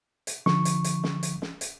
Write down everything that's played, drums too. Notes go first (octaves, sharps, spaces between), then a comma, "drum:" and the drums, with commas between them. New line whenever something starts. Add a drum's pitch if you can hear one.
drum: hi-hat
D3 F3 C#6, drum: snare
drum: hi-hat
drum: hi-hat
drum: snare
drum: hi-hat
drum: snare
drum: hi-hat